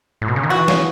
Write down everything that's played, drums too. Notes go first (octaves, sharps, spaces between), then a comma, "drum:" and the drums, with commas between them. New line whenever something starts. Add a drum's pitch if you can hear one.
A2
B2
C#3
D#3
E3 F#4
C#3, drum: snare